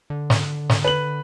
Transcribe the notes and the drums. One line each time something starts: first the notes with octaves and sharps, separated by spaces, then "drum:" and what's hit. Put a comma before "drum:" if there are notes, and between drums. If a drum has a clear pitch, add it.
D3
drum: snare
drum: snare
B4 F#7